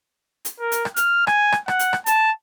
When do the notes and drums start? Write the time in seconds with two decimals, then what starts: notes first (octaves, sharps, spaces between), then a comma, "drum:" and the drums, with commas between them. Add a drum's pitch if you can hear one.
0.45 drum: hi-hat
0.60 A#4
0.72 drum: hi-hat
0.85 drum: rim click
0.96 F6, drum: hi-hat
1.27 G#5, drum: rim click
1.52 drum: rim click
1.68 F#5, drum: rim click
1.79 drum: hi-hat
1.93 drum: rim click
2.06 A5, drum: hi-hat